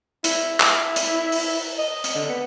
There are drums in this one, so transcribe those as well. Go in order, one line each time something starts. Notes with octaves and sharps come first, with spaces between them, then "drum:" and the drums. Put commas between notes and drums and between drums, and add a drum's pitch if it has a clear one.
E4, drum: hi-hat
drum: clap
drum: hi-hat
drum: open hi-hat
D#5
drum: hi-hat
D3
B3